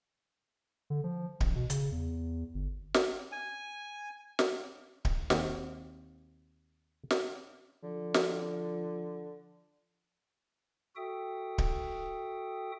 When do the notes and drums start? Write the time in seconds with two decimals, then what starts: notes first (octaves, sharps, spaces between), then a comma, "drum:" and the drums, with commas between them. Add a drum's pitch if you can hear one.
0.90 D3
1.04 F3
1.40 A1, drum: kick D1
1.55 B2
1.70 C#3, drum: hi-hat
1.92 E2
2.54 G1
2.94 drum: snare
3.32 G#5
4.39 drum: snare
5.05 drum: kick D1
5.30 D#2 C4 F#4, drum: snare
7.11 drum: snare
7.83 D3 F3
8.14 drum: snare
10.96 F#4 A4 E5 G5 D#6
11.58 drum: kick D1